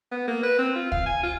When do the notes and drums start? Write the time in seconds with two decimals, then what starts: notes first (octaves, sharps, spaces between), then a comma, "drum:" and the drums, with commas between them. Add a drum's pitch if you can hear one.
0.12 B3
0.28 A#3
0.43 B4
0.58 C4
0.76 F4
0.92 F5, drum: kick
1.06 G#5
1.23 F4